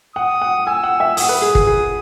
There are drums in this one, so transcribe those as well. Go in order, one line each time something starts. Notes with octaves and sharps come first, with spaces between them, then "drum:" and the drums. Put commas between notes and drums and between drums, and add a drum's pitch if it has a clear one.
F#5 D#6
F#5
G#5 E6
F#5
E5
F#5 D#6, drum: open hi-hat
B4
G#4
G#4, drum: kick
G#4